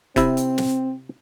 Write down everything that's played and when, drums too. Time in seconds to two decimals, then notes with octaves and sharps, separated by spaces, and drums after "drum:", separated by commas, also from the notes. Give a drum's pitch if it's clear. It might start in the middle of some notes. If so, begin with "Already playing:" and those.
0.16 C3 C4 E4, drum: kick, hi-hat
0.37 drum: hi-hat
0.58 drum: snare